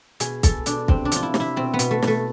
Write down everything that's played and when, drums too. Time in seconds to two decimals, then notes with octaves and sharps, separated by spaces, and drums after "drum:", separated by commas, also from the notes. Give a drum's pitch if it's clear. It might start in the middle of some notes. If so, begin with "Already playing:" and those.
0.20 B2 G#4, drum: hi-hat
0.43 B2 A4, drum: kick, hi-hat
0.66 B2 D4, drum: hi-hat
0.88 C3 C4, drum: kick
1.05 D4
1.12 F3 F4, drum: hi-hat
1.23 E4
1.34 C3, drum: snare
1.40 E4
1.56 B2 C4
1.74 B3
1.79 B2, drum: hi-hat
1.91 A3
2.02 B2 A3, drum: snare